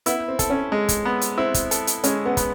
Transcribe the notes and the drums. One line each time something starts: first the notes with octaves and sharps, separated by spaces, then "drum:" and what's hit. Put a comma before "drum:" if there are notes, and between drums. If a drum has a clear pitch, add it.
B3 E4, drum: hi-hat
C4
A4, drum: kick, hi-hat
C#4
G#3
drum: kick, hi-hat
B3
drum: hi-hat
C4 E4
drum: kick, hi-hat
A4, drum: hi-hat
drum: hi-hat
G#3 C#4, drum: hi-hat
B3
B3, drum: kick, hi-hat